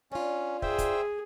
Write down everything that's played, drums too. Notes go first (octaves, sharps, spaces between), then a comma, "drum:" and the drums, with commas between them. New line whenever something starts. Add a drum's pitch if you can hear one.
C#4 D4 F4
G#4 C5 E5 G5, drum: kick
drum: kick, hi-hat